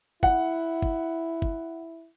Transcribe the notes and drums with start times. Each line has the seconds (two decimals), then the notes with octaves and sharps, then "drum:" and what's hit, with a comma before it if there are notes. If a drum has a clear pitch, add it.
0.23 E4 F#5, drum: kick G1
0.82 drum: kick G1
1.42 drum: kick G1